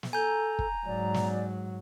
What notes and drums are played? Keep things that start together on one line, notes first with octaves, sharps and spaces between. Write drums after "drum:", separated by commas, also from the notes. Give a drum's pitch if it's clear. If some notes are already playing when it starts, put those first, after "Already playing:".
drum: snare
A4 G#5 A#5 G6
drum: kick
G#2 F#3 D5
drum: snare